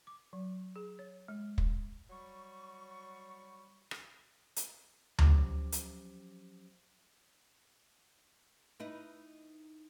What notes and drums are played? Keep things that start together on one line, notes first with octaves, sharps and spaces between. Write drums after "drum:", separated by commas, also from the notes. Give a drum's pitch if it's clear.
D6
F#3
G#4
C#5
G#3
drum: kick
F#3 G3 C#6
drum: rim click
drum: hi-hat
F3 F#3 C#4 G4 C5 D6, drum: tom D2
drum: hi-hat
D#4 E4 B4